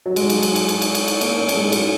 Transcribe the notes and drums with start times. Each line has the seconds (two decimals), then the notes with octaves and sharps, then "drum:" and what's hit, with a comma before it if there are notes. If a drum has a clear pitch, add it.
0.06 F#3
0.16 G#3, drum: cymbal
0.30 drum: cymbal
0.43 drum: cymbal
0.56 drum: cymbal
0.69 drum: cymbal
0.82 drum: cymbal
0.95 drum: cymbal
1.08 drum: cymbal
1.21 A#3, drum: cymbal
1.37 C#4
1.49 A#3, drum: cymbal
1.55 G#3
1.72 F#3, drum: cymbal